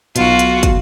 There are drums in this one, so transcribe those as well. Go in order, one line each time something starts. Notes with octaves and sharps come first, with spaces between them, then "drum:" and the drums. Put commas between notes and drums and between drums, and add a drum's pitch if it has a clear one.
B1 B2 F4 F#4, drum: hi-hat
drum: hi-hat
drum: kick, hi-hat